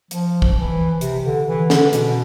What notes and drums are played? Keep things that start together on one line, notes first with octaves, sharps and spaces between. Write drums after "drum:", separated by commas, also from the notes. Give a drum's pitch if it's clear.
F3, drum: hi-hat
drum: kick
E3
C3, drum: hi-hat
D3
E3
D3, drum: snare
B2, drum: hi-hat